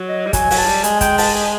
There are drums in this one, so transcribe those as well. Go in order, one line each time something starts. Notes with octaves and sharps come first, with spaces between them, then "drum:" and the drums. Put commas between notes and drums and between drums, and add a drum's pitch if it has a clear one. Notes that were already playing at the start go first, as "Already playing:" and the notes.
Already playing: F#3
D#5
G3
F#3 G#5, drum: kick, hi-hat
F#3, drum: open hi-hat
A5
G3
G#3 G#5, drum: hi-hat
G5, drum: kick, hi-hat
A5, drum: open hi-hat
G#5